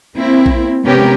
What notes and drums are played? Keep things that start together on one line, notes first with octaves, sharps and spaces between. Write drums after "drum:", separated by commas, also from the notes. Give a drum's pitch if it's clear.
A#3 C4 E4
drum: kick A#1
C3 G#3 B3 C#4 G4 A#4